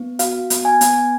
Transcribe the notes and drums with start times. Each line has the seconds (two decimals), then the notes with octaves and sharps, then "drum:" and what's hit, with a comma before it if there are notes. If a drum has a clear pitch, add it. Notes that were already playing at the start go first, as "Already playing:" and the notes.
Already playing: B3
0.19 F#4 F5, drum: hi-hat
0.50 B3, drum: hi-hat
0.65 G#5
0.81 B3, drum: hi-hat